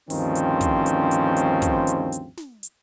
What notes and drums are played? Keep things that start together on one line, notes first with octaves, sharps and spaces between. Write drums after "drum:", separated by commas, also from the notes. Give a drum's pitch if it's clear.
D2 G2 D#3 F3 C4 C#4, drum: open hi-hat
drum: hi-hat
drum: kick, hi-hat
drum: hi-hat
drum: hi-hat
drum: hi-hat
drum: kick, hi-hat
drum: hi-hat
drum: hi-hat
drum: snare
drum: hi-hat